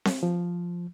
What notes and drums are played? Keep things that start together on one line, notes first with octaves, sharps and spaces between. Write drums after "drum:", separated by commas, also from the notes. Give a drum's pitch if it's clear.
drum: snare C4
F3